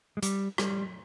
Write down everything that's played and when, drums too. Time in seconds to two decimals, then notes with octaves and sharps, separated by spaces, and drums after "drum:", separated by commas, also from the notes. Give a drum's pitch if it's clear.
0.17 G#3
0.22 G3, drum: hi-hat
0.58 G3, drum: rim click